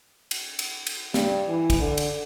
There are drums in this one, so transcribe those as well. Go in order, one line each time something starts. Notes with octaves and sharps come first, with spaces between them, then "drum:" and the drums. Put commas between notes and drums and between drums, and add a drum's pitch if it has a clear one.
drum: cymbal
drum: cymbal
drum: cymbal
G2, drum: snare
E3
drum: kick, cymbal
D3
drum: cymbal